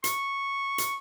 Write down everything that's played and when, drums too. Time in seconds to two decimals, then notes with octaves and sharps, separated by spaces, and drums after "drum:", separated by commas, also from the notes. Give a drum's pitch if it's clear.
0.04 C#6, drum: hi-hat
0.78 drum: hi-hat